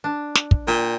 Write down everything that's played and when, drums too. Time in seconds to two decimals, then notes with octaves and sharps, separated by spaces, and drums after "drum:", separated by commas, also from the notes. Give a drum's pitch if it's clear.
0.04 D4
0.35 drum: snare
0.51 drum: kick
0.68 A#2 G5